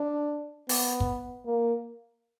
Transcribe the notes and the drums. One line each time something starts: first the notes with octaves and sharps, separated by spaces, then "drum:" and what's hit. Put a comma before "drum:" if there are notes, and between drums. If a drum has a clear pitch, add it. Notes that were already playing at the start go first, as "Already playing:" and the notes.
Already playing: D4
B3, drum: open hi-hat
drum: kick
A#3